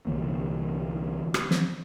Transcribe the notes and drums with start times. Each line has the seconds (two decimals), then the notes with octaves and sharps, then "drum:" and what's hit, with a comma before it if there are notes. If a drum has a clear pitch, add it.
0.07 C2 D3 E3 A#3
1.34 drum: rim click
1.51 drum: snare